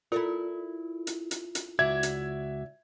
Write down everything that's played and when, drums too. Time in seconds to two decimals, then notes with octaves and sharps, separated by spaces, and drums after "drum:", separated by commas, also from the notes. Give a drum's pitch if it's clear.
0.12 E4 F4 A4 A#4
1.07 drum: hi-hat
1.31 drum: hi-hat
1.55 drum: hi-hat
1.79 C#2 F#4 D5 E5 G#6
2.03 drum: hi-hat